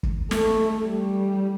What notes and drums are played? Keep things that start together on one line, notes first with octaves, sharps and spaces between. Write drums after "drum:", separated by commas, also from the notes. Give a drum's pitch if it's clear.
drum: kick
A3, drum: snare
G3